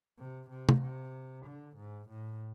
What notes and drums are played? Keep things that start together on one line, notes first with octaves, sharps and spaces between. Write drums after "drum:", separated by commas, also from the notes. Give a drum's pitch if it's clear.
C3
C3
drum: tom
C3
D3
G#2
A2